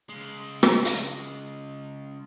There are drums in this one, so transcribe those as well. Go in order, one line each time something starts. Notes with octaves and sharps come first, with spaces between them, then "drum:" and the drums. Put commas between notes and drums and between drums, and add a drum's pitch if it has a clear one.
C#3 G#3
drum: rim click
drum: hi-hat